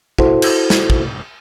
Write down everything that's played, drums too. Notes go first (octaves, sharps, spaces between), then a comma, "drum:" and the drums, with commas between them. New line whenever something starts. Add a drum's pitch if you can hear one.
E4 F#4 A4 C5, drum: kick
drum: cymbal
drum: snare
drum: kick